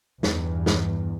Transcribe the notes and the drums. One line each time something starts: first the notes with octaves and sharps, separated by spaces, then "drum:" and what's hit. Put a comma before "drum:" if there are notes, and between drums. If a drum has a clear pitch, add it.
E2 G2, drum: snare
drum: snare